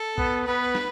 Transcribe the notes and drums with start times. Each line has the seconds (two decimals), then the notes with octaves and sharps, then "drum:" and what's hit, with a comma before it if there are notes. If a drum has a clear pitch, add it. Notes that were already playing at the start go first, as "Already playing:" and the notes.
Already playing: A4
0.18 B3, drum: kick A#1
0.47 B3 B4
0.75 drum: snare